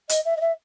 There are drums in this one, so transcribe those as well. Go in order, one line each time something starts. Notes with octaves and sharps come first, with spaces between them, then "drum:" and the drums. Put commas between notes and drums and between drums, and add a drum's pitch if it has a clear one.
D#5, drum: hi-hat
E5
D#5
E5